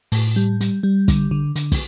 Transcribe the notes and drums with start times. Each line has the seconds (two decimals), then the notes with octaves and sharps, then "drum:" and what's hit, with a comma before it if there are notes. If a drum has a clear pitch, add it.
0.12 A2, drum: open hi-hat
0.36 G3
0.61 G3, drum: hi-hat
0.83 G3
1.08 D3, drum: kick, hi-hat
1.31 D3
1.56 D3, drum: hi-hat
1.72 drum: kick, open hi-hat